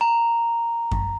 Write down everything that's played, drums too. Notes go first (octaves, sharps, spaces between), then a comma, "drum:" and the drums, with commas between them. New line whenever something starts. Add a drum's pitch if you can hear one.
A#5
drum: kick F#2